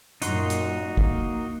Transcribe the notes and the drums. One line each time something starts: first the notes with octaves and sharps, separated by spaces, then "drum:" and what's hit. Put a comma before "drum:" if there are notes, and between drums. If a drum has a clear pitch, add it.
F#2 A#2 D#4 F#4 C6, drum: hi-hat
drum: hi-hat
A#3, drum: kick